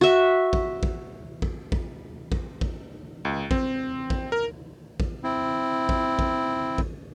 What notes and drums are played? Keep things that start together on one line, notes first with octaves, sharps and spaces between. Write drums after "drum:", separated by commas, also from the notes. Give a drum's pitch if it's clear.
F#4 E5
drum: kick A1
drum: kick A1
drum: kick A1
drum: kick A1
drum: kick A1
drum: kick A1
C#2
C4, drum: kick A1
drum: kick A1
A#4
drum: kick A1
C4 E4
drum: kick A1
drum: kick A1
drum: kick A1